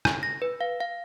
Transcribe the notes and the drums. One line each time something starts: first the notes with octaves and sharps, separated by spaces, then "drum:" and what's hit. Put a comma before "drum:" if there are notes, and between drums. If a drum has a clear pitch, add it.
drum: rim click
A#6
B4
F5
F5